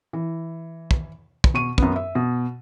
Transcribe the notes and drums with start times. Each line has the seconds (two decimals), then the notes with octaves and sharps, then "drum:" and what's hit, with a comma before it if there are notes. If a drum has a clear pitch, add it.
0.13 E3
0.91 drum: kick
1.44 drum: kick
1.54 B2 C#6 D#7
1.78 F#2 B3, drum: kick
1.96 E5
2.15 B2